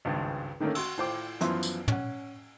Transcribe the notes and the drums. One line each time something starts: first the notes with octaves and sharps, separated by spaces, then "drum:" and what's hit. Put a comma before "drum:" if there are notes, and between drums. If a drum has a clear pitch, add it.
G#1 C#2 G2
D3 D#3 A3 A#3 C#4
F#4 C6 E6, drum: cymbal
A2 F4 C5 G5 D6
F#2 E3 F3 B3 E5 C6, drum: hi-hat
drum: tambourine
C#4 F#5, drum: tom